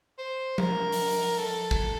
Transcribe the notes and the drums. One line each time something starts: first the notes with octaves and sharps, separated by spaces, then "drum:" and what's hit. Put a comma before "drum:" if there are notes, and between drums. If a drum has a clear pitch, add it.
C5
A#4, drum: tom F3
drum: open hi-hat
A4
drum: kick